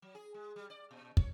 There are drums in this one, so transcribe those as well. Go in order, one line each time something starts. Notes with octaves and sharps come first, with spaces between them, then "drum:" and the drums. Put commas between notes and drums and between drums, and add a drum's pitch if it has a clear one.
F#3
G#4
G#3
G3
D5
A#2
C#5, drum: kick